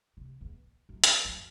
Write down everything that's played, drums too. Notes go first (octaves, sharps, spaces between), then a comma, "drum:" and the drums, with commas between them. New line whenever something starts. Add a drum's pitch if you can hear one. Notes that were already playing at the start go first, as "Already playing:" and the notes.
C3
E2
F#2
drum: hi-hat
F#2